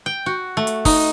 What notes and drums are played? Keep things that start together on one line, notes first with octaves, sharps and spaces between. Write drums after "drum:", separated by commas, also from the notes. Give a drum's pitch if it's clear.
G5
F#4
A3
drum: hi-hat
D#4, drum: kick, open hi-hat